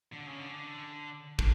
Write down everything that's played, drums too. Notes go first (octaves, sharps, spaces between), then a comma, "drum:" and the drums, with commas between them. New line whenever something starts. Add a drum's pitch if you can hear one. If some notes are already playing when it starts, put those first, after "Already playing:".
D3
C#3
D3
D3, drum: kick